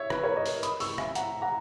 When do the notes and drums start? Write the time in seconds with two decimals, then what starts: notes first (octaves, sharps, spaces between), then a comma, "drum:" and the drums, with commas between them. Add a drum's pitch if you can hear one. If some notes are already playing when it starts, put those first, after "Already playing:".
Already playing: C#5 E5
0.10 B4, drum: rim click
0.23 A#4 C#5
0.37 B4 D#5
0.46 drum: open hi-hat
0.63 B5 D#6, drum: hi-hat
0.80 C#6 E6, drum: open hi-hat
0.98 E5 G#5, drum: rim click
1.15 F#5 A#5, drum: hi-hat
1.42 F#5 A#5